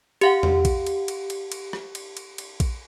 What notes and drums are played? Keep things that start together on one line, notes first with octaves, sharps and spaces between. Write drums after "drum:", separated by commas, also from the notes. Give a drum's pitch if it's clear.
G4 F5 F#5, drum: cymbal
drum: tom E2
drum: kick A#1, cymbal
drum: cymbal
drum: cymbal
drum: cymbal
drum: cymbal
drum: rim click
drum: cymbal
drum: cymbal
drum: cymbal
drum: kick A#1, cymbal